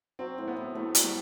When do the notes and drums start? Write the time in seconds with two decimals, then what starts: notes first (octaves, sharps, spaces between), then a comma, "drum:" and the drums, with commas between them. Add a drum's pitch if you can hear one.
0.19 F#3 C4
0.38 A2
0.48 B3
0.57 A2
0.75 A2 A3
0.95 F#3, drum: hi-hat
1.04 G3